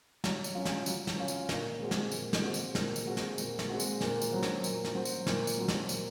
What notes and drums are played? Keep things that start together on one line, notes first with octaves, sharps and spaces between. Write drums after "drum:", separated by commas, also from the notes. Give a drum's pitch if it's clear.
F#3, drum: snare
drum: tambourine
C#4 F4
drum: snare
F#3, drum: tambourine
drum: snare
C#4 F4
drum: tambourine
A#2, drum: snare
G#3 C4 F#4
drum: snare
A#2, drum: tambourine
drum: snare
G#3 C4 F#4
drum: tambourine
A#2, drum: snare
drum: tambourine
G#3 C4 F#4
drum: snare
A#2, drum: tambourine
drum: snare
G#3 C4 F#4
drum: tambourine
A#2, drum: snare
drum: tambourine
F#3 C#4 F#4 C5
drum: snare
A#2, drum: tambourine
drum: snare
F#3 C#4 F#4 C5
drum: tambourine
A#2, drum: snare
drum: tambourine
F#3 C#4 F#4 C5
drum: snare
A#2, drum: tambourine